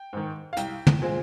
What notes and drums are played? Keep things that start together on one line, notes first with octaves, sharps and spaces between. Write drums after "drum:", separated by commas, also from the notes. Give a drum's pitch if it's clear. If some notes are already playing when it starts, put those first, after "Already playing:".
Already playing: G5
G#2 D#3
F5
C2 G5, drum: hi-hat
drum: tom
A#2 G#3 C4